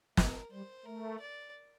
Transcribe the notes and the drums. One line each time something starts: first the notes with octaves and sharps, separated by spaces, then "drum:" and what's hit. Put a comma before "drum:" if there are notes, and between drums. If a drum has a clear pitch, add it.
A3 A#4, drum: snare
G3 C5
A3 A#4
D5